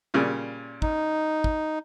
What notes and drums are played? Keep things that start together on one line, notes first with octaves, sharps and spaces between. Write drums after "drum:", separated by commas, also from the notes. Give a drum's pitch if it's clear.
A#2 C#3 G3
D#4, drum: kick
drum: kick